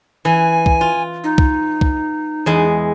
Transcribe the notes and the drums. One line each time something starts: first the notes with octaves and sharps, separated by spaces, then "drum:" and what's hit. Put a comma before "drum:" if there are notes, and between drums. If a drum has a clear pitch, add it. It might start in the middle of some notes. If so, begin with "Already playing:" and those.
E3 G#5
drum: kick
F4
D#4
drum: kick
drum: kick
E2 G#3 G#5